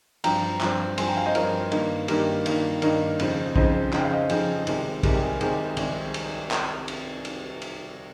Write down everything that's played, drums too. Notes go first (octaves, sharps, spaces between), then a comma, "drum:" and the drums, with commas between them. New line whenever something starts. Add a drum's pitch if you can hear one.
G2 F3 C4 G5 A#5, drum: cymbal
G2 F3 C4, drum: clap
G2 F3 C4 G#5 C6, drum: cymbal
G5 A#5
F5 G#5
C5 D#5
G2 F3 C4 A#4 C#5, drum: cymbal
G2 D#3 A#3 D#4, drum: cymbal
G2 D#3 A#3 D#4 G4 A#4, drum: cymbal
G2 D#3 A#3 D#4, drum: cymbal
G2 D#3 A#3 D#4 A#4 C#5, drum: cymbal
F2 C#3 F3 C4 D#4, drum: cymbal
F2 C#3 F3 C4 D#4 C5 D#5, drum: kick
F2 C#3 F3 C4 D#4 G5, drum: clap
F5
D#5
C#5
F2 C#3 F3 C4 D#4 G#4 C5, drum: cymbal
C2 C3 D#3 G#3, drum: cymbal
C2 C3 D#3 G#3 G4 A#4, drum: kick, cymbal
G#4
C2 C3 D#3 G#3 G#4 C5, drum: cymbal
C2 C3 D#3 G#3, drum: cymbal
drum: cymbal
drum: clap
drum: cymbal
drum: cymbal
drum: cymbal